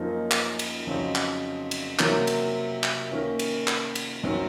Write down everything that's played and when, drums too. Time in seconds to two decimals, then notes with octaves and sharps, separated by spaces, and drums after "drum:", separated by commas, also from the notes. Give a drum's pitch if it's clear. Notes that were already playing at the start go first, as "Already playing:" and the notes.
Already playing: F#2 F3 A#3 D#4
0.31 drum: clap
0.59 drum: cymbal
0.87 F2 C#3 F#3 C4 D#4
1.15 drum: clap
1.71 drum: cymbal
1.99 C3 F#3 A#3, drum: clap
2.27 drum: cymbal
2.83 drum: clap
3.11 D#3 A#3 C#4
3.39 drum: cymbal
3.67 drum: clap
3.95 drum: cymbal
4.23 F#2 D#3 F#3 C4